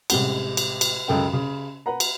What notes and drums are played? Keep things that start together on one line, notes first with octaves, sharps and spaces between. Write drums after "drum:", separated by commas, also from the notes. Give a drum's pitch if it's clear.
A1 C3 G3 G#3 F#5 G7, drum: cymbal
drum: cymbal
drum: cymbal
C#2 F#2 C#3 A4 G5
C#3
B4 F#5 A#5
drum: cymbal